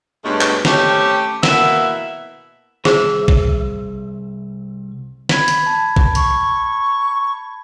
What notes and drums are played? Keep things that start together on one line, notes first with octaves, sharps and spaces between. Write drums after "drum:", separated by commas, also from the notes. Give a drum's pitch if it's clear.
G2 B2 G#3 A3 C#4 D4
drum: clap
A3 C4 C#4 G4, drum: snare
B2 A#3 E4 E5 F#5, drum: snare
C2 G#4 C5 E5, drum: snare
drum: kick A#1
B5 G#6 B6, drum: snare
drum: hi-hat
A5
drum: kick A#1
C#6, drum: hi-hat